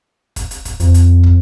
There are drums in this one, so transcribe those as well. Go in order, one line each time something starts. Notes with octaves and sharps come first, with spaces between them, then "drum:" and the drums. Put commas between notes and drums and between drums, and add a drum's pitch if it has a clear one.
drum: kick, hi-hat
drum: hi-hat
drum: kick, hi-hat
F2, drum: hi-hat
drum: hi-hat
drum: kick